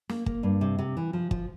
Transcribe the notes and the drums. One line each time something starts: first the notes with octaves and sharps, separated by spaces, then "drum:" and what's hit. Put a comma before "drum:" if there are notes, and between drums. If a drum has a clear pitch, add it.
A#3, drum: snare
A#3, drum: kick
G2
C3
C3
E3
F3
F3, drum: kick